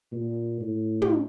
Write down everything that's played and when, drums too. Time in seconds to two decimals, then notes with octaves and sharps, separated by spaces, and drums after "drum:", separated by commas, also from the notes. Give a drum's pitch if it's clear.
0.12 A#2
0.61 A2
1.02 drum: tom